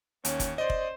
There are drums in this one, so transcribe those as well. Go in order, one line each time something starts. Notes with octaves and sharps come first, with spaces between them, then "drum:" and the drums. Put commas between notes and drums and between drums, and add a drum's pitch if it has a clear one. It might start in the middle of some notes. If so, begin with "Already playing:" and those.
D#2 C#4, drum: hi-hat
drum: kick F1, hi-hat
C5 D5 D#5
drum: kick F1